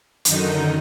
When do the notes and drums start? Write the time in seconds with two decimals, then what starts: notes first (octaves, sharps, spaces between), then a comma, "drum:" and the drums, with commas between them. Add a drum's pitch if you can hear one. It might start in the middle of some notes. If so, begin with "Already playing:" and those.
0.25 F#2 D3 D#3 D#4, drum: hi-hat